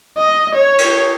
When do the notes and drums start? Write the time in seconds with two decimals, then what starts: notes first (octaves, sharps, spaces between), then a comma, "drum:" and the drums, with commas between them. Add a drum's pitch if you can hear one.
0.17 D#5
0.55 C#5
0.78 drum: cymbal